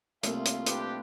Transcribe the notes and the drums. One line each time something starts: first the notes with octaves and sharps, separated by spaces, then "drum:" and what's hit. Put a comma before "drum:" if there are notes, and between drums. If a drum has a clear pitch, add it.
C2 A3 A#3 F4, drum: hi-hat
drum: hi-hat
D4 G4 B4, drum: hi-hat